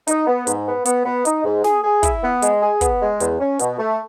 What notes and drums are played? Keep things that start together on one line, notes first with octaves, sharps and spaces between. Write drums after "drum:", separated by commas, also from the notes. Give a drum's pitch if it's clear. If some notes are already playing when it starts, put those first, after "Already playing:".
D#4, drum: hi-hat
B3
G#2, drum: hi-hat
B3
B3, drum: hi-hat
B3
D#4, drum: hi-hat
G#2
G#4, drum: snare
G#4
E4, drum: kick, hi-hat
B3
G#3, drum: hi-hat
G#4
B3, drum: kick, hi-hat
G#3
E2, drum: hi-hat
C#4
B2, drum: hi-hat
A3